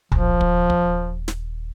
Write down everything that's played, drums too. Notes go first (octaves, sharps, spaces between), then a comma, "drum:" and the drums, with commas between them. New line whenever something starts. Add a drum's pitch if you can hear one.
D#1 F3, drum: tom B1
drum: kick
drum: kick
drum: snare